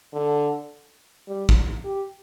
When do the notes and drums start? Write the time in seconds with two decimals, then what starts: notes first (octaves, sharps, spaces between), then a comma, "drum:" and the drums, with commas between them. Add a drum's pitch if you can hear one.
0.13 D3
1.28 G3
1.49 drum: kick G#1
1.85 G4